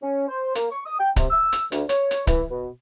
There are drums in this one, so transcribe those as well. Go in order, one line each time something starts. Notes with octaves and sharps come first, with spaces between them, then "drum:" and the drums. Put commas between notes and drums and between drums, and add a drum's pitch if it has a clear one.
C#4
C5
A#3, drum: hi-hat
C#6
D#6
G5
C3, drum: kick C#1, hi-hat
E6
drum: hi-hat
D2, drum: hi-hat
C#5, drum: hi-hat
drum: hi-hat
E3, drum: kick C#1, hi-hat
B2